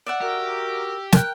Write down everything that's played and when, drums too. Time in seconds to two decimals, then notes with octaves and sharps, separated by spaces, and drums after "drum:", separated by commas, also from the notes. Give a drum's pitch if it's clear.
0.06 D5 E5 F#5
0.21 F#4 G4 A#4 E6
1.12 A#4 G5 F#6, drum: snare